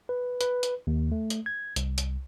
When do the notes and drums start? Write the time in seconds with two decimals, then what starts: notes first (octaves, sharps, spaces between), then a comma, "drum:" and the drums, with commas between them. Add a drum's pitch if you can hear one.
0.09 B4
0.41 B4, drum: hi-hat
0.63 drum: hi-hat
0.87 D#2
1.12 A3
1.30 drum: hi-hat
1.46 G#6
1.76 C2, drum: hi-hat
1.98 drum: hi-hat